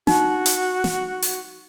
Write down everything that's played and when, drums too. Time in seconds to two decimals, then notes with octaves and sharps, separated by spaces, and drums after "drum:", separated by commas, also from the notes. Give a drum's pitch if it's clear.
0.07 D#4 F#4, drum: snare
0.46 drum: hi-hat
0.84 drum: snare
1.22 drum: open hi-hat